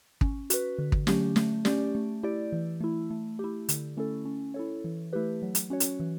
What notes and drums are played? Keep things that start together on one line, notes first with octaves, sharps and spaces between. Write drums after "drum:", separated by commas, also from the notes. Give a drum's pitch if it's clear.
C#4, drum: kick
F#4 B4, drum: hi-hat
D3
drum: kick
F#3 A3 C#4 G4, drum: snare
A3, drum: snare
C#4 G4 D5, drum: snare
A3
E4 G4 D5
E3
A3 E4
A3
E4 G4
D3, drum: hi-hat
A3 C#4 E4 A4
C#4
E4 A4 C#5
E3
A3 E4 G4 B4
F#3
drum: hi-hat
C#4 F#4 C#5
drum: hi-hat
E3